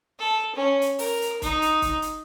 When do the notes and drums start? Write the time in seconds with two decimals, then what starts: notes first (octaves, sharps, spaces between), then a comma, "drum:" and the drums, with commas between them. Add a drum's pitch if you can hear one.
0.19 A4
0.56 C#4
0.82 drum: hi-hat
0.99 A#4, drum: open hi-hat
1.22 drum: hi-hat
1.42 D#4, drum: kick C#1, hi-hat
1.62 drum: hi-hat
1.82 drum: kick C#1, hi-hat
2.02 drum: hi-hat